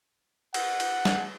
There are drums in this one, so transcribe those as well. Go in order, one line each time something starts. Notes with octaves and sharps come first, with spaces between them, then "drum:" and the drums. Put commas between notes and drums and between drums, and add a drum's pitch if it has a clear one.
F#5, drum: cymbal
drum: cymbal
drum: snare